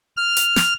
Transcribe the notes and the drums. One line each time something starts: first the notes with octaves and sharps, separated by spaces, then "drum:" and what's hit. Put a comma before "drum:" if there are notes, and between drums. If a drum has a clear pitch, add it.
F6
drum: hi-hat
drum: snare